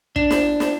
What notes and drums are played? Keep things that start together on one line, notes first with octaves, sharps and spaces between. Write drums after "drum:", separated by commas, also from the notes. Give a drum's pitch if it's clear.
D4, drum: kick
drum: snare
drum: snare